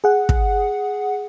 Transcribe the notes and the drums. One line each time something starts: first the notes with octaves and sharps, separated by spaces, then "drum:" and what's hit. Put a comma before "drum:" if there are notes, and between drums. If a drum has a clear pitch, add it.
G#4 F#5
drum: kick